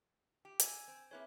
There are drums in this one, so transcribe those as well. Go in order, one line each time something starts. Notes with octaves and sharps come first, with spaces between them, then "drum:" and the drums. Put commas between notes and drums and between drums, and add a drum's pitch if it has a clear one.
G4
G#5 E6 G#6, drum: hi-hat
C4
A#3 C4 E4 G#4 B4 C#5